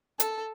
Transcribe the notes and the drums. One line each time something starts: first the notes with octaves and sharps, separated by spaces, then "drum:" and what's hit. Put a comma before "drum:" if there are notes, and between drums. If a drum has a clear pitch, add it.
A4, drum: hi-hat